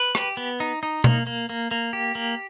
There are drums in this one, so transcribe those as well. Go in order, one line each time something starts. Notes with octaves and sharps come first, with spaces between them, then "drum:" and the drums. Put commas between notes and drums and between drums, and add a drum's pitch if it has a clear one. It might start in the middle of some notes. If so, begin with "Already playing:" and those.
Already playing: B4
G4, drum: rim click
B3
D#4
D#4
A#3, drum: tom B2
A#3
A#3
A#3
G4
A#3